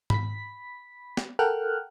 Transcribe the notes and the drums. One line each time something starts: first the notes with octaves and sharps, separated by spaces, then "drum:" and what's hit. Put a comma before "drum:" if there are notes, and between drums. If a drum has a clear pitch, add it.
B5 B6, drum: tom G#2
drum: snare
A4 A#4 F#5 G5 F6 F#6